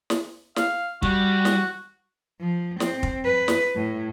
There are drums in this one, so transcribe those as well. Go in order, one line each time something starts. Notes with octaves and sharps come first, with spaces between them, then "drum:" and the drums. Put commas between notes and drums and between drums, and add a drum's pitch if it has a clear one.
drum: snare
F5, drum: snare
G3 F#4, drum: kick
drum: snare
F3
C4, drum: snare
drum: kick
B4
drum: snare
A2